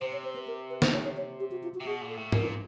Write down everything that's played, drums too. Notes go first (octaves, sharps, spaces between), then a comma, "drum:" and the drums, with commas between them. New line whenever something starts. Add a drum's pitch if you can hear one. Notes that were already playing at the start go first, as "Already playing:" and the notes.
C3 C5
C#5
C5
B4
A#4
B4
C5, drum: snare
C#5
C#5
C#5
G4
F#4
F4
F#4
C3
B2 G#4
A#2
A4
A2
A#2 A#4, drum: tom